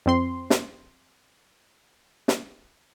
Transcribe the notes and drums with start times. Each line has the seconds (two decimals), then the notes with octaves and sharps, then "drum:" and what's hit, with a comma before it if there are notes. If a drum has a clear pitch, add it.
0.06 F2 C4 C6
0.50 drum: snare
2.28 drum: snare